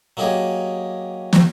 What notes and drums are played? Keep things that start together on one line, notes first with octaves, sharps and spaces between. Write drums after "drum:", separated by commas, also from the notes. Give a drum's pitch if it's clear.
F#3 A#3 D#4 G4 G#4
drum: snare